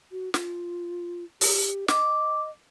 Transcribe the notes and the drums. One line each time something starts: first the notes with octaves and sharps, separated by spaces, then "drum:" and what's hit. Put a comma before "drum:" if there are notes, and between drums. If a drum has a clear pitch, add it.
F#4
F4, drum: snare
G4, drum: open hi-hat
D#5 D6, drum: snare